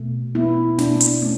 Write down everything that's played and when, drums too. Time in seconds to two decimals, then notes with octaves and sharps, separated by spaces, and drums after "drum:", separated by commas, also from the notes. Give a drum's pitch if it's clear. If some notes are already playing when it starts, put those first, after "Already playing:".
Already playing: B2 A3
0.35 B3 E4
0.78 B2 D4, drum: snare
1.00 drum: hi-hat
1.22 A3 C#4